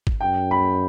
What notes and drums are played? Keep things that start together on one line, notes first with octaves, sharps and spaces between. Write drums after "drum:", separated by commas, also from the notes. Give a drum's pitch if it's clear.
drum: kick
F#2 G5
B5